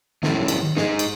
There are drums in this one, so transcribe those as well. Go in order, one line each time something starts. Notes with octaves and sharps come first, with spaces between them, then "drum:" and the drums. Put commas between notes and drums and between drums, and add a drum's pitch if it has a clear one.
D#3 F#3 A#3 C#4 E4, drum: snare
drum: cymbal
D#4 G#4, drum: snare
drum: cymbal